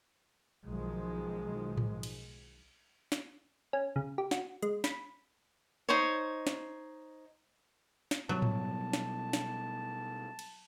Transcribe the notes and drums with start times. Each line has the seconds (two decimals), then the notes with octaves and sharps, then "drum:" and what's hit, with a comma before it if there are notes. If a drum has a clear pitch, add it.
0.67 B1 D#3 F3 G#3
1.77 drum: tom A2
2.03 drum: cymbal
3.12 drum: snare
3.73 C#4
3.96 C#3
4.18 G4
4.31 F#4, drum: snare
4.63 G#3, drum: hi-hat
4.84 B5, drum: snare
5.89 D#4 C5 C#5
6.47 drum: snare
8.11 drum: snare
8.29 B2 F#3 G3 A5
8.42 drum: tom A2
8.93 drum: snare
9.33 drum: snare
10.39 drum: cymbal